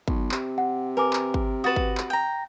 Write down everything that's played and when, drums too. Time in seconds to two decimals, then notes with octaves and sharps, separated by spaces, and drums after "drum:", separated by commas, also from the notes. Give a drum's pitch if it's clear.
0.08 B1, drum: kick G#1
0.31 C3, drum: clap
0.58 F#5
0.97 A#4 B4 G#5 D6
1.13 drum: clap
1.34 drum: kick G#1
1.64 F#4 B4 D#6 A6 E7
1.76 drum: kick G#1
1.98 drum: clap
2.10 G5 A#5